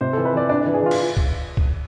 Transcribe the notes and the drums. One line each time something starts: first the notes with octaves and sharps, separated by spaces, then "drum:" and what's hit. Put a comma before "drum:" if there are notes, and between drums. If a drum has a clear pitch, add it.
C3 C5
E3 A4
B4
E3 D5
D4 D5
E3 D5
G#4
E3 F4
drum: cymbal
drum: kick
drum: kick